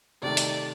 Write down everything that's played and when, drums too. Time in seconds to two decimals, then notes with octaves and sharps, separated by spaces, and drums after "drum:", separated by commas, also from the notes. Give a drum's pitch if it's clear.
0.23 C3 D#3 A3 D5
0.37 drum: open hi-hat